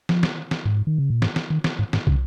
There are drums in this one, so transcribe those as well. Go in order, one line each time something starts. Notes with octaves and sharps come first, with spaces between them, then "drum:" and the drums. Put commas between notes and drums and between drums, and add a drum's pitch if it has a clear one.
F3, drum: snare
drum: snare
drum: snare
G#2
D#3
C#3
A#2
G#2, drum: snare
drum: snare
D#3
drum: snare
G#2
G#2, drum: snare
C#3, drum: kick